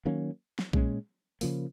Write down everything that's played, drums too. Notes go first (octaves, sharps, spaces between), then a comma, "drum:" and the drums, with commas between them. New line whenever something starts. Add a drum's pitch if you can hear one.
D#3 F#3 A#3 C#4
drum: snare
A#2 G#3 C#4, drum: kick B1
C#3 F3 A#3, drum: open hi-hat